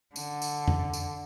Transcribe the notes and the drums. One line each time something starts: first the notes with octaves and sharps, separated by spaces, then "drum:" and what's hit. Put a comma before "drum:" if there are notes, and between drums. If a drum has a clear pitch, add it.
D3, drum: tambourine
drum: tambourine
drum: tom
drum: tambourine